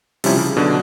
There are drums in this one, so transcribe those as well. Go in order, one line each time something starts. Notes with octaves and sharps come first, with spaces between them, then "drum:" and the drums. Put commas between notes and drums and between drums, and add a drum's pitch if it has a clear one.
C3 F3 G3 C#4 E4, drum: open hi-hat
C#3
B2 D3 F#3 D4